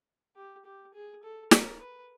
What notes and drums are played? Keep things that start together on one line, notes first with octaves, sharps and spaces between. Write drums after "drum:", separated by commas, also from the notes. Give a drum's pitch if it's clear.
G4
G4
G#4
A4
A#4, drum: snare
B4